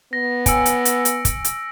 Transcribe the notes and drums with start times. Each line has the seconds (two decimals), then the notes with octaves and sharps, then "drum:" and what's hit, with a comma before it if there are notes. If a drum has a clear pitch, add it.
0.13 B3 A#6
0.46 G#5 E6 C#7 D7, drum: kick, hi-hat
0.66 drum: hi-hat
0.85 drum: hi-hat
1.05 drum: hi-hat
1.25 drum: kick, hi-hat
1.44 drum: hi-hat